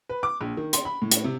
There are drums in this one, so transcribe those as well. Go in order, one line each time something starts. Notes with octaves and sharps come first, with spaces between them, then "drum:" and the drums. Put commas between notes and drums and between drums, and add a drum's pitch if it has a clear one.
B4
D6
A#1
D#3
C6, drum: hi-hat
B5
A2
drum: hi-hat
C3